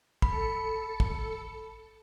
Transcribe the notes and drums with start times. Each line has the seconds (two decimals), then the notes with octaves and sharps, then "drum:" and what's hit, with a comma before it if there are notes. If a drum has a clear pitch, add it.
0.22 A4 B5 C#7, drum: kick
1.00 drum: kick